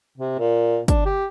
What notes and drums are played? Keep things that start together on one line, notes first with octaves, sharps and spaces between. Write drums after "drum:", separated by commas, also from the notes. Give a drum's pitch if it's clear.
C3
A#2
D4, drum: kick, hi-hat
G4